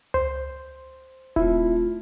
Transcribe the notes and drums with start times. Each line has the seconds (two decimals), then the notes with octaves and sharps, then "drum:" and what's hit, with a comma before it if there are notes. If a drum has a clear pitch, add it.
0.14 C5, drum: tom C#2
1.36 A3 C4 E4 F4, drum: kick D#1